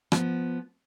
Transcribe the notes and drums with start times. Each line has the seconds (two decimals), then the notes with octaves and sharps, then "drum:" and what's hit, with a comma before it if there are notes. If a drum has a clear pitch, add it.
0.12 F3 B3, drum: rim click